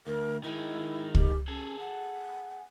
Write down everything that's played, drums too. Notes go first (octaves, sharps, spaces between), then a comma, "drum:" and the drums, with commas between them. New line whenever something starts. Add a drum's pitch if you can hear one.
D2 A#4
D#3 G#3 E4
G4, drum: kick
C#4 G#4 A4
F#5